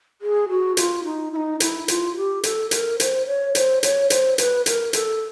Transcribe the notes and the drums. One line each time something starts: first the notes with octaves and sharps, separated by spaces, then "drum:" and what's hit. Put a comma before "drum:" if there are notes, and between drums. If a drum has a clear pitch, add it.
G#4
F#4
F4, drum: hi-hat
D#4
E4
D#4
E4, drum: hi-hat
F4, drum: hi-hat
G4
A4, drum: hi-hat
A#4, drum: hi-hat
C5, drum: hi-hat
C#5
C5, drum: hi-hat
C#5, drum: hi-hat
C5, drum: hi-hat
B4, drum: hi-hat
A#4, drum: hi-hat
A4, drum: hi-hat